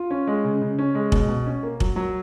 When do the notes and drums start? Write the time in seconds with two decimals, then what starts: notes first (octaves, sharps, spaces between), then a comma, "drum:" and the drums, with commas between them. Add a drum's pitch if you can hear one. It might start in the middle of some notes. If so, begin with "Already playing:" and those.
Already playing: F4
0.11 C#4
0.27 G#3
0.44 C#3
0.61 C#3
0.79 C#4
0.95 G#3
1.12 B2, drum: kick
1.28 B2
1.46 C#4
1.63 A#3
1.80 F#3, drum: kick
1.96 F#3